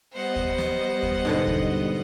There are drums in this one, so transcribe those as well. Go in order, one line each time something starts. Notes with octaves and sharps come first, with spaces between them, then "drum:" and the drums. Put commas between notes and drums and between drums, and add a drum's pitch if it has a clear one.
G3 B3 C5 D#5 F#5
drum: kick D#2
drum: snare
drum: kick D#2
G#2 B2 D3
drum: kick D#2